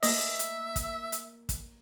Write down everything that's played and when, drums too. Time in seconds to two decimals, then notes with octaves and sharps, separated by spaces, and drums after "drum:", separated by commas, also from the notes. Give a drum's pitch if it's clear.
0.03 A#3 A#4 D#5 E5, drum: open hi-hat
0.39 drum: hi-hat
0.76 drum: kick, hi-hat
1.12 drum: hi-hat
1.49 drum: kick, hi-hat